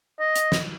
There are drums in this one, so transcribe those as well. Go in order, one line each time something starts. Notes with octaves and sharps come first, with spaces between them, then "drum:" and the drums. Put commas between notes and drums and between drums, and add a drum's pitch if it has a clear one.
D#5
drum: hi-hat
drum: snare